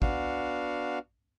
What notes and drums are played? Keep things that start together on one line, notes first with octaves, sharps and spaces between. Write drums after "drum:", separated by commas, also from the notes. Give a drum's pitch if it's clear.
B3 D4 F#4 F5, drum: kick G#1